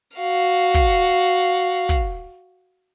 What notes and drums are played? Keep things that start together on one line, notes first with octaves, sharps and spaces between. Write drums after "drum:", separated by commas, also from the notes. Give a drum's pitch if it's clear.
F#4 F5
drum: kick
drum: kick